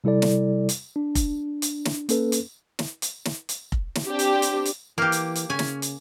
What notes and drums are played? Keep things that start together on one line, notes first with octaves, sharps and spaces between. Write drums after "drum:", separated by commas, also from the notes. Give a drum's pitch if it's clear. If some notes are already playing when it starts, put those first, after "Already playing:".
C3 G3 E4 A4 D5
drum: snare
drum: hi-hat
D4
drum: kick F1, hi-hat
drum: hi-hat
drum: snare
A#3 C#4 A4 B4, drum: hi-hat
drum: hi-hat
drum: snare
drum: hi-hat
drum: snare
drum: hi-hat
drum: kick F1
drum: snare
C4 D4 G4
drum: hi-hat
drum: hi-hat
drum: hi-hat
E3 A#3 G4 F6
drum: hi-hat
drum: hi-hat
C#3 C#4 G#5
drum: snare
drum: hi-hat